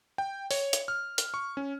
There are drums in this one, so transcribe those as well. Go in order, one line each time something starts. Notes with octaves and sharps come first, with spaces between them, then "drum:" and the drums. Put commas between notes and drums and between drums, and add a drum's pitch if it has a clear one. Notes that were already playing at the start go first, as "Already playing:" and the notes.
G5
C#5, drum: open hi-hat
drum: hi-hat
F6
drum: hi-hat
C#6
C#4